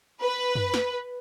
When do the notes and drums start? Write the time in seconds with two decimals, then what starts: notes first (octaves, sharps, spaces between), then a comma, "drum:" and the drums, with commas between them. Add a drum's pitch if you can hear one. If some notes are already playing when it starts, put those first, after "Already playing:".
0.22 B4
0.55 drum: tom F#2
0.74 drum: snare